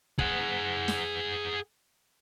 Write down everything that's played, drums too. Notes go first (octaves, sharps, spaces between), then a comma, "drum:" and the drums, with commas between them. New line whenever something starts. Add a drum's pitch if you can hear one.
G#4 F#5, drum: kick
drum: snare